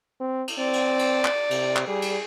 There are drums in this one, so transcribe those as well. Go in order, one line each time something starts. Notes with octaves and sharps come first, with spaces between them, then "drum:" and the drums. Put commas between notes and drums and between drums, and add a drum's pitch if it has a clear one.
C4
drum: cymbal
C4 D5
drum: cymbal
drum: cymbal
drum: clap
C3, drum: cymbal
drum: clap
G3 G#4
drum: cymbal